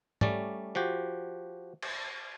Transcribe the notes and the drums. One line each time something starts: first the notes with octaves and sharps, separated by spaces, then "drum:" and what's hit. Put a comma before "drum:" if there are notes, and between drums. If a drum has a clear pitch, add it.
G3 A3 C#4 D5, drum: tom
F3 F#4 G4
drum: cymbal